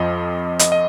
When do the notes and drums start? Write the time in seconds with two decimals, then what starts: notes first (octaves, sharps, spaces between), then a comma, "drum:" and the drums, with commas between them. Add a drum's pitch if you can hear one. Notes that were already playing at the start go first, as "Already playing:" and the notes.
Already playing: F2 F3 D#5
0.59 D#5, drum: hi-hat
0.72 D#5